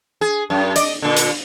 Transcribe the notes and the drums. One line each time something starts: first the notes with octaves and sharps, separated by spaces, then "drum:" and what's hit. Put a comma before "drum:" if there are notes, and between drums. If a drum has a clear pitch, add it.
G#4
F#2
D5 D#5, drum: hi-hat
A#2 D3
drum: hi-hat